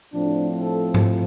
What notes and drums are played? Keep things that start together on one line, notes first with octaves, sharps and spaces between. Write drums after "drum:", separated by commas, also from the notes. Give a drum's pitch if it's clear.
A2 F3 C4 D4
A4
drum: tom G#2